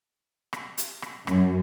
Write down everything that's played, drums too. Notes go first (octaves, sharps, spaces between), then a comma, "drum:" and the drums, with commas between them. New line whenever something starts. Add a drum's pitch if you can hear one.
drum: rim click
drum: hi-hat
drum: rim click
F#2, drum: rim click